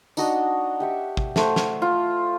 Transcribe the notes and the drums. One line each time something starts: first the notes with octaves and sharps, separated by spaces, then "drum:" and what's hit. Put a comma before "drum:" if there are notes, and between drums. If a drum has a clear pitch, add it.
D4 D#4 F#4 D#5, drum: tambourine
G4 E5 C#6
drum: kick
A3 C5 F#5, drum: snare
drum: snare
F4